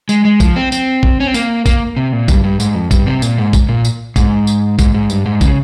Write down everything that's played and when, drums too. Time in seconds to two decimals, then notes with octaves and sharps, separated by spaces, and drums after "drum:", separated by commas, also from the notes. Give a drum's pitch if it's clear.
0.09 G#3, drum: tambourine
0.25 G#3
0.40 F3, drum: kick, tambourine
0.56 C4
0.72 C4, drum: tambourine
1.03 drum: kick
1.20 C#4
1.27 C4
1.34 A#3, drum: tambourine
1.66 A#3, drum: kick, tambourine
1.97 C3
2.13 A#2
2.28 G2, drum: kick, tambourine
2.44 G2
2.60 G#2, drum: tambourine
2.75 F2
2.91 G2, drum: kick, tambourine
3.06 C3
3.22 A#2, drum: tambourine
3.38 G#2
3.53 drum: kick, tambourine
3.69 A#2
3.85 drum: tambourine
4.16 G#2, drum: kick, tambourine
4.47 drum: tambourine
4.79 G#2, drum: kick, tambourine
4.94 G#2
5.10 G2, drum: tambourine
5.26 G#2
5.41 C#3, drum: kick, tambourine